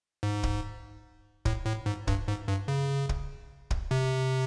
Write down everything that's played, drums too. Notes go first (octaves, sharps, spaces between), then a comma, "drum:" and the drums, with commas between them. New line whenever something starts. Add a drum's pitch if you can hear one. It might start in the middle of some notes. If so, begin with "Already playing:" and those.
G#2
drum: kick
A2, drum: kick
A2
G#2
G2, drum: kick
G#2
G2
C#3
drum: kick
drum: kick
C3